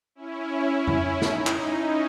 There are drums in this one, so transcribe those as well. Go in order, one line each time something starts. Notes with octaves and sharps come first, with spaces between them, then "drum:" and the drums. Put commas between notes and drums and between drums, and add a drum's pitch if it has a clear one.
C#4 E4
C#4
drum: tom F2
D#4, drum: snare
drum: clap
C#4 E4